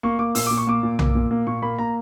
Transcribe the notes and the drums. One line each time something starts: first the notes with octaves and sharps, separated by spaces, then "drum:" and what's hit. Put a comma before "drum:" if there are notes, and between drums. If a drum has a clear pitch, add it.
A#3 C#6
A#3 D6
A#2 E6, drum: open hi-hat
A#2 D6
C#6
A#3 D6
A#2
A#3, drum: tom B1
A#2
A#3
A#2 C#6
A#3 B5
A#3 A#5